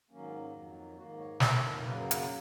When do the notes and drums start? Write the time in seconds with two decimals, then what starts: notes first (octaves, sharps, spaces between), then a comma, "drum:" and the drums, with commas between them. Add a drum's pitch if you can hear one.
0.11 G#2 D#3 F#3 A#3 C#4
0.54 F2 D#3 F#3
0.97 G#2 D#3 A#3 F#4
1.19 C#5
1.40 F2 D#3 A#3, drum: snare
1.83 F#2 C#3 F#3 A#3 B4
2.11 drum: hi-hat